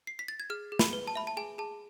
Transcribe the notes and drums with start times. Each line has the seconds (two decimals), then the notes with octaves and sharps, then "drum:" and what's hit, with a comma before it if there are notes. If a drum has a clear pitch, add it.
0.07 C7
0.19 B6
0.28 A6
0.40 G#6
0.50 G#4 F6
0.72 G#4
0.79 B5, drum: snare
0.93 B4
1.07 A5
1.15 E5 B5
1.27 A5
1.37 G#4 G#5
1.58 G#4 A5